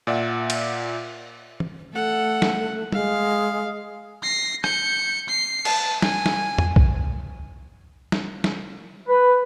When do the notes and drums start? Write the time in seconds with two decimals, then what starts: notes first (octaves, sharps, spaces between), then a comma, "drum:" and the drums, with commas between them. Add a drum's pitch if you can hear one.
0.07 A#2 D5 E5 F#5
0.50 drum: cymbal
1.60 drum: tom
1.93 A3 A4 F#5
2.42 drum: snare
2.92 G#3 F5, drum: tom
4.23 A#6 C7
4.64 G6 C#7, drum: rim click
5.29 C7
5.65 A5, drum: cymbal
6.02 G#5, drum: snare
6.26 drum: snare
6.58 drum: tom E2
6.76 drum: kick B1
8.12 drum: snare
8.44 drum: snare
9.07 B4